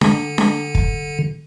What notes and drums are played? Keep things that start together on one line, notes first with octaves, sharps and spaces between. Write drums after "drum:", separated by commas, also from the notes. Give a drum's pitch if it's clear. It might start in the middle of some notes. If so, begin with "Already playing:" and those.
D3, drum: snare D4
drum: snare D4
drum: kick